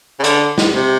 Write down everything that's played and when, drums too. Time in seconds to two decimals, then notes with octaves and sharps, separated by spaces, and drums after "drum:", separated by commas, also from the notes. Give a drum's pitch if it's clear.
0.19 C#3
0.24 D3, drum: hi-hat
0.58 drum: snare
0.75 C3